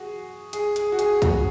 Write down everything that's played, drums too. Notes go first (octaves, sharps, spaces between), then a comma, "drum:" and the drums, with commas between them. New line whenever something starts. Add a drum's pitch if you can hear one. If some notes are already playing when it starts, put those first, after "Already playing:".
Already playing: F#4 G#4
G#4, drum: hi-hat
G#4, drum: hi-hat
F#4
G#4, drum: hi-hat
F#4, drum: kick, hi-hat